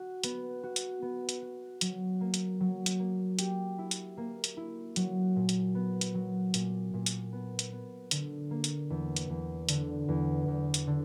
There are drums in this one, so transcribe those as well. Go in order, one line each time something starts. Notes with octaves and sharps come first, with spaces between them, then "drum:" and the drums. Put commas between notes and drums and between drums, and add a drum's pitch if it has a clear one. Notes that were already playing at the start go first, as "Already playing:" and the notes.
Already playing: F#4
B3, drum: hi-hat
F#4
drum: hi-hat
B3
drum: hi-hat
F#4
F#3, drum: hi-hat
A#3
drum: hi-hat
F#3
drum: hi-hat
A#3
G4, drum: hi-hat
E4
drum: hi-hat
A#3
drum: hi-hat
E4
F#3, drum: hi-hat
A#2
drum: hi-hat
B3
drum: hi-hat
F#3
A#2, drum: hi-hat
A#2
drum: hi-hat
B3
drum: hi-hat
B3
D3, drum: hi-hat
A#3
drum: hi-hat
E2
drum: hi-hat
E2
D3, drum: hi-hat
E2
E2
drum: hi-hat
D3